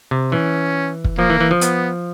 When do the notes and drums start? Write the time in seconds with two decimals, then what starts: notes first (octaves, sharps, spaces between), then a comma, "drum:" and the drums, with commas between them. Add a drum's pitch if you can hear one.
0.11 C3
0.32 E3 C#4
1.04 drum: kick
1.18 F3 A#3
1.30 E3
1.40 E3
1.51 F3
1.61 B3, drum: hi-hat